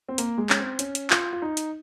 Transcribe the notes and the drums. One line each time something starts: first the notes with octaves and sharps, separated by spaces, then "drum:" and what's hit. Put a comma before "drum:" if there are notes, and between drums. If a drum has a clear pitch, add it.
C4
A#3, drum: hi-hat
G#3
C#4, drum: clap
C4
C#4, drum: hi-hat
drum: hi-hat
F4, drum: clap
F4
D#4
drum: hi-hat